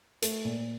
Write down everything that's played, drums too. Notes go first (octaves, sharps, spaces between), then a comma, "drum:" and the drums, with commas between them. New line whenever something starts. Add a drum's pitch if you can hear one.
A3, drum: hi-hat
A#2